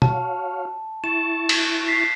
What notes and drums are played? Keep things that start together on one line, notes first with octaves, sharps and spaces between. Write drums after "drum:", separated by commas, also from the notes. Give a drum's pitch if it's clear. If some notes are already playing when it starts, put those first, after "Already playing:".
F#4 C#5 F5 A5, drum: tom
E4 C#6 A6 E7
drum: cymbal
B6 C7